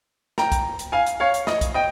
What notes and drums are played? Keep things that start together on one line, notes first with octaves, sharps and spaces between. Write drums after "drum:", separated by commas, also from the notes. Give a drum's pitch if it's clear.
G5 A#5, drum: snare
drum: kick B1, hi-hat
drum: hi-hat
F5 G#5
drum: hi-hat
C#5 F5
drum: hi-hat
D#5, drum: snare
drum: kick B1, hi-hat
D#5 G5